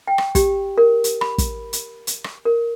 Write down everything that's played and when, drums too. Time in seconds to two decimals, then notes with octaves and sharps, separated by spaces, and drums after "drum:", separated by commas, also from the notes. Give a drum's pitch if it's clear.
0.08 G5
0.18 drum: rim click
0.35 G4, drum: kick, hi-hat
0.78 A#4
1.04 drum: hi-hat
1.21 B5, drum: rim click
1.38 drum: kick, hi-hat
1.73 drum: hi-hat
2.07 drum: hi-hat
2.24 drum: rim click
2.45 A#4